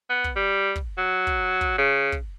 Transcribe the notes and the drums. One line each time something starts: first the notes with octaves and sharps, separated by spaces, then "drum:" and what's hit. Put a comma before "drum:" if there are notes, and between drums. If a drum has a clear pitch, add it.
B3
drum: kick
G3
drum: kick
F#3
drum: kick
drum: kick
C#3
drum: kick